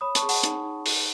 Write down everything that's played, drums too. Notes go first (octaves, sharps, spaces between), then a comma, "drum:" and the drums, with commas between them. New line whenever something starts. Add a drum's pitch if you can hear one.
C#5 B5 D#6
A5 C#6, drum: hi-hat
G#4
F#5 A5, drum: open hi-hat
D#4, drum: hi-hat
D#4
drum: open hi-hat